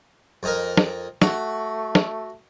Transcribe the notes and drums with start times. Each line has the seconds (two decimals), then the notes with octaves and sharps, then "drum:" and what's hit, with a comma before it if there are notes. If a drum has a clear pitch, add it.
0.43 F2 D#4 A#4
0.77 drum: snare
1.22 A3 F#4, drum: snare
1.95 drum: snare